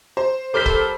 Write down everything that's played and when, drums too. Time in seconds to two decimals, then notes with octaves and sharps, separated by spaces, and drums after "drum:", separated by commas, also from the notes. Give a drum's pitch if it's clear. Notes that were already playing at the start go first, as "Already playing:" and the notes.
0.17 C5
0.54 G3 A4 A#4 C5 D6 F6 B6
0.66 drum: kick C#1